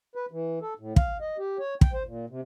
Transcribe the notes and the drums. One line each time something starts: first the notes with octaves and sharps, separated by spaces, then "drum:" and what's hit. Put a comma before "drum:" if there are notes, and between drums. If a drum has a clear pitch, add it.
B4
E3
A4
A2
F5, drum: kick
D#5
G4
C#5
G5, drum: kick
C5
A#2
C3